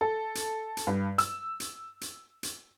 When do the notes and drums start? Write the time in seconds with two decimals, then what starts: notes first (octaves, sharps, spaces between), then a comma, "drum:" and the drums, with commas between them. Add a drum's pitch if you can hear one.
0.01 A4
0.35 drum: hi-hat
0.77 drum: hi-hat
0.87 G2
1.18 E6, drum: hi-hat
1.60 drum: hi-hat
2.01 drum: hi-hat
2.43 drum: hi-hat